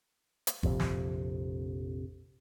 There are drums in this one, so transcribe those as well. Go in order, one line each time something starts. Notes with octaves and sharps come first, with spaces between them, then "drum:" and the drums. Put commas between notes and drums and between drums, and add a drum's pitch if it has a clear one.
drum: hi-hat
A#1 F2 C3, drum: kick
drum: snare